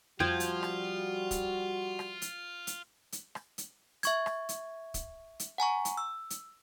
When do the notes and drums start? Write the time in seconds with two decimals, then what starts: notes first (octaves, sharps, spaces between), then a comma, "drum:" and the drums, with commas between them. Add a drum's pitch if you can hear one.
0.20 F2 F3 G3 F4 F#4 G5 G#6
0.40 drum: hi-hat
0.63 drum: rim click
1.31 drum: kick, hi-hat
1.99 drum: rim click
2.22 drum: hi-hat
2.67 drum: hi-hat
3.12 drum: hi-hat
3.35 drum: rim click
3.58 drum: hi-hat
4.03 E5 C#6 G#6, drum: hi-hat
4.26 drum: rim click
4.49 drum: hi-hat
4.94 drum: kick, hi-hat
5.40 drum: hi-hat
5.58 F#5 G#5 A#5 C#6
5.85 drum: hi-hat
5.98 E6
6.30 drum: hi-hat